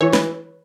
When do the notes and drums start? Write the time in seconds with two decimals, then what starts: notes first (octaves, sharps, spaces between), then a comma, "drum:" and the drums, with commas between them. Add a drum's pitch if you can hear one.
0.01 E3 C#5
0.13 B4, drum: snare